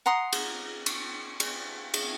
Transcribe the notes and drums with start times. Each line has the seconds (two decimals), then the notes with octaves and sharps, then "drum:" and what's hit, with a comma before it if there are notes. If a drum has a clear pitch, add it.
0.06 F#5 A#5 C6 D#6
0.33 drum: cymbal
0.86 drum: cymbal
1.40 drum: cymbal
1.94 drum: cymbal